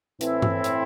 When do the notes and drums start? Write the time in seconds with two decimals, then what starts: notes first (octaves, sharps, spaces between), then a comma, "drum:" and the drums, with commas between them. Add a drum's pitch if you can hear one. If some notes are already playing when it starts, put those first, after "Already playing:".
0.21 A2 E3 C4 E4, drum: hi-hat
0.42 drum: tom G2
0.64 drum: hi-hat